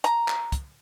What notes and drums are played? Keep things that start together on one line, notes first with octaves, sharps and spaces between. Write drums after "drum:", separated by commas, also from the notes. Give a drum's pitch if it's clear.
A#5, drum: hi-hat
drum: clap
drum: kick, hi-hat